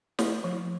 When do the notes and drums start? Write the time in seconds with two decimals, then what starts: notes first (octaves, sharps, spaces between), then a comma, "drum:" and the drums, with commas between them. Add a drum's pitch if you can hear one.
0.19 A3, drum: snare
0.44 F3